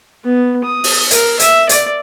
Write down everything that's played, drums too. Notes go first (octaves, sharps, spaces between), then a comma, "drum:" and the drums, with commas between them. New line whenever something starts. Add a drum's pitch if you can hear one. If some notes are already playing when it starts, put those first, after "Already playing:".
B3
D#6
drum: open hi-hat
A#4, drum: hi-hat
E5, drum: hi-hat
D5, drum: hi-hat